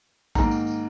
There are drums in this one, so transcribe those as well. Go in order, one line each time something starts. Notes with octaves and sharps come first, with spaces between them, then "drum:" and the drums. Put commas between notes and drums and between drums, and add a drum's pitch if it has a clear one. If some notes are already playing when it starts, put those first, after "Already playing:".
G#2 D#3 A#3 A#5, drum: kick A1, tambourine
drum: tambourine
drum: tambourine